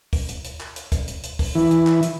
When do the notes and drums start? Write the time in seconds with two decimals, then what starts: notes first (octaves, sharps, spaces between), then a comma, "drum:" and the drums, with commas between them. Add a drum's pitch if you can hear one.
0.13 drum: kick, open hi-hat
0.29 drum: hi-hat
0.44 drum: hi-hat
0.60 drum: clap
0.76 drum: hi-hat
0.92 drum: kick, hi-hat
1.08 drum: hi-hat
1.23 drum: hi-hat
1.39 drum: kick, open hi-hat
1.55 E3
1.71 drum: hi-hat
1.87 drum: clap
2.03 drum: hi-hat